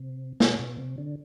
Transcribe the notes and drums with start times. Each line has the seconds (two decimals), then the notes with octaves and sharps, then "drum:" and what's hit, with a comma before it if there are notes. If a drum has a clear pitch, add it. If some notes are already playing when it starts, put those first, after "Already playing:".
Already playing: C3
0.40 B2, drum: snare
0.59 B2
0.78 C3
0.98 D3